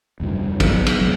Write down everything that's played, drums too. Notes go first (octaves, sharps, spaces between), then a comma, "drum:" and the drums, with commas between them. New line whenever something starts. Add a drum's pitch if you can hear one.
F1 D2 G2 F3
F#3 B3, drum: kick, cymbal
drum: cymbal
D#1 G#1 C3 F#3